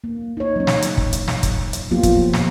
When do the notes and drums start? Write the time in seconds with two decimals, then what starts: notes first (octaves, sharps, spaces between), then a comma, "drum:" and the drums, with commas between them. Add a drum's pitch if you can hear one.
0.04 A#3
0.37 D#4 C#5
0.56 F#3 C#4
0.67 drum: snare
0.82 drum: hi-hat
0.97 drum: kick
1.13 drum: hi-hat
1.28 drum: snare
1.43 drum: kick, hi-hat
1.73 drum: hi-hat
1.91 F3 F#3 A#3 B3 F4 G4
2.03 drum: kick, hi-hat
2.34 drum: snare